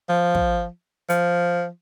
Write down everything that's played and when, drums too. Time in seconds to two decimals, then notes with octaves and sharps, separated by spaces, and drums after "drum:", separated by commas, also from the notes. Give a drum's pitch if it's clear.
0.09 F3
0.35 drum: kick
1.10 F3, drum: hi-hat